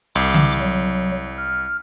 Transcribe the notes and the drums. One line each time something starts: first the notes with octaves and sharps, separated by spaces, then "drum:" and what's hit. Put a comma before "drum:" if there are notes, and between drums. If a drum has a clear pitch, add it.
C2 D6
drum: tom C#3
F#3
F6